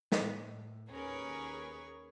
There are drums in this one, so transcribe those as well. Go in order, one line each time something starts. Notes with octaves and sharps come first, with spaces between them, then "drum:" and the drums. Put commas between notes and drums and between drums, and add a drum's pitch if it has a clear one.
A2, drum: snare
D#2 C#4 G#4 A#4 B4 C#5